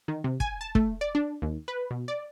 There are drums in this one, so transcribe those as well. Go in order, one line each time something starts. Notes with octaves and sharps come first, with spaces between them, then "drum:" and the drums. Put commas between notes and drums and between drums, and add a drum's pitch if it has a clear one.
D#3
C3
G#5, drum: kick
A5
A3, drum: kick
D5
D4
D#2
B4
B2
D5